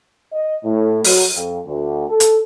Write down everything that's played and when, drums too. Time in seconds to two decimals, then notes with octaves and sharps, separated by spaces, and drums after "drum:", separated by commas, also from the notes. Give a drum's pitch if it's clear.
0.33 D#5
0.64 A2
1.05 F#3, drum: open hi-hat
1.35 F2
1.66 D2
2.09 A4
2.20 drum: hi-hat